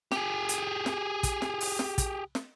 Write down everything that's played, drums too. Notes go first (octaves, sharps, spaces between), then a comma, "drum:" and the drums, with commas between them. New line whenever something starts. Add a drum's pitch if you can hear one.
G4 G#4, drum: snare
drum: hi-hat
drum: snare
drum: kick, hi-hat
drum: snare
drum: open hi-hat
drum: snare
drum: kick, hi-hat
drum: snare